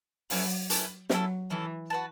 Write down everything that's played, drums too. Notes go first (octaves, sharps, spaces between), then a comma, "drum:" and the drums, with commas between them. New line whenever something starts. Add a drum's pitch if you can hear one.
F#3 A3 C#4 E4 B4, drum: open hi-hat
A3 C#4 E4 B4, drum: hi-hat
F#3 C#4 E4 A4, drum: snare
E3 C#4 E4 A4
F#4 B4 A5